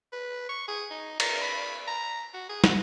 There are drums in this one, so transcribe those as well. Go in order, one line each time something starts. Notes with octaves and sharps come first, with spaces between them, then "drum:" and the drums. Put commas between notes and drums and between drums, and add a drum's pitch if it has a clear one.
B4
C#6
G#4
D#4
A#4, drum: cymbal
B5
A#5
F#4
G#4
F#4, drum: snare